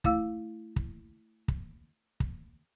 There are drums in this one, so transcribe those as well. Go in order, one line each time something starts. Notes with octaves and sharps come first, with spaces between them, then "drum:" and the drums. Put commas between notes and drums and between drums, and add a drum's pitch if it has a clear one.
A3 E4 F5 E6, drum: kick
drum: kick
drum: kick
drum: kick